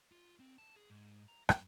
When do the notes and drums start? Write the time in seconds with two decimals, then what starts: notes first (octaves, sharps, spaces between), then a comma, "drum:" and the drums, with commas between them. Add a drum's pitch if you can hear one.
0.12 F4
0.40 C4
0.58 A5
0.76 G#4
0.90 G#2
1.28 A#5
1.49 F#2, drum: rim click